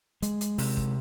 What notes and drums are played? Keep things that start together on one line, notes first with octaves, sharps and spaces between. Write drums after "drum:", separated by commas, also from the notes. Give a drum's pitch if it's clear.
G#3, drum: hi-hat
drum: hi-hat
C3, drum: open hi-hat
drum: kick